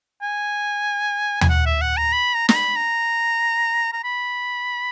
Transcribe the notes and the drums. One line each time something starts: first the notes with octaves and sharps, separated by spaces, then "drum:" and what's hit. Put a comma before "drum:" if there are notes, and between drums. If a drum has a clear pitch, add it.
G#5
G#5, drum: tom D#2
F#5
E5
F#5
A#5
B5
A#5
A#5, drum: snare
B5
A#5
A#5
B5